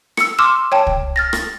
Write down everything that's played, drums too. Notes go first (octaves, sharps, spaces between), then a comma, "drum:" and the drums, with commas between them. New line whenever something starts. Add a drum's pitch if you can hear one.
E6 C#7, drum: rim click
C6 D6 E6 F6 E7
C#5 G5 A5
drum: kick
F6 A6 A#6
drum: rim click